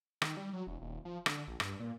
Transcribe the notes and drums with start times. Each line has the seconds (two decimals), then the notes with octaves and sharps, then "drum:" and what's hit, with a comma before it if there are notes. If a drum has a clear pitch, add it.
0.22 D#3, drum: rim click
0.37 G3
0.53 F#3
0.67 E1
0.82 D#1
1.05 F3
1.26 D3, drum: rim click
1.47 A#1
1.60 G2, drum: rim click
1.80 A#2